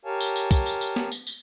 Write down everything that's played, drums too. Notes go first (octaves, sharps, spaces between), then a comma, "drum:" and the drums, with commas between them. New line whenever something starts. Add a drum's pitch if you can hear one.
G4 A#4 C#5 F5 G#5 A5
drum: tambourine
drum: tambourine
drum: kick, tambourine
drum: tambourine
drum: tambourine
drum: snare
drum: tambourine
drum: tambourine